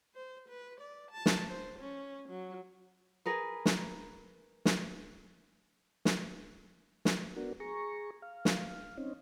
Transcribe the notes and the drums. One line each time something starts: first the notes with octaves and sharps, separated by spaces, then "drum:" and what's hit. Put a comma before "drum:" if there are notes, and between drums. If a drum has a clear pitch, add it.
C5
B4
D5
A5
drum: snare
C5
C#4
F#3
G#4 A#4 B4
drum: snare
drum: snare
drum: snare
drum: snare
B3 D4 F#4 A#4
G#4 A#5 C#6
F5
drum: snare
C4 C#4 D#4